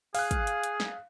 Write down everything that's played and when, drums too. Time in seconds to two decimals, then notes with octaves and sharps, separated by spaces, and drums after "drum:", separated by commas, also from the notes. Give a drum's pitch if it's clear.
0.15 G#4 F5 F#6, drum: open hi-hat
0.31 drum: kick, hi-hat
0.47 drum: hi-hat
0.63 drum: hi-hat
0.80 drum: snare